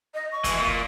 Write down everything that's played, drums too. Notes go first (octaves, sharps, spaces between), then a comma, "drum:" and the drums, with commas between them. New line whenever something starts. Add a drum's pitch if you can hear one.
D#5
C#6
E3 G#3, drum: kick, hi-hat
A#2
drum: kick